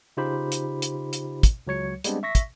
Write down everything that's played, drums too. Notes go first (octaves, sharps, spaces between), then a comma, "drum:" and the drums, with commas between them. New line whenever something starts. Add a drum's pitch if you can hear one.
C#3 D#4 F4 G4 C5 B5
drum: hi-hat
drum: hi-hat
drum: hi-hat
drum: kick, hi-hat
C#2 F#3 C#5 C#7
G3 G#3 B3 C4 D4, drum: hi-hat
E5 C#6 A#6 B6
drum: kick, hi-hat